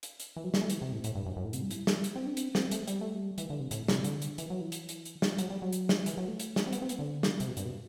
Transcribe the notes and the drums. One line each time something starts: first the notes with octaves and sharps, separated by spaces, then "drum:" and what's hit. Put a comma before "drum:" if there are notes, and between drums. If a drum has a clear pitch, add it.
drum: hi-hat
drum: hi-hat
E3
F#3
G3, drum: snare
A3
E3, drum: hi-hat
C3
A2
A2, drum: hi-hat
G2
F#2
F#2
A2
C3, drum: hi-hat
G3
E4, drum: hi-hat
drum: snare
drum: hi-hat
C4
D4
C4, drum: hi-hat
C4, drum: snare
A3, drum: hi-hat
G3, drum: hi-hat
A3
G3
E3, drum: hi-hat
D3
C3
A2, drum: hi-hat
C3, drum: snare
D3, drum: hi-hat
drum: hi-hat
E3, drum: hi-hat
F#3
E3
drum: hi-hat
drum: hi-hat
drum: hi-hat
drum: snare
F#3, drum: hi-hat
G3
F#3
drum: hi-hat
drum: snare
E3, drum: hi-hat
F#3
A3
drum: hi-hat
drum: snare
C4
B3, drum: hi-hat
C4
B3, drum: hi-hat
D3
drum: snare
C3, drum: hi-hat
B2
G2, drum: hi-hat
B2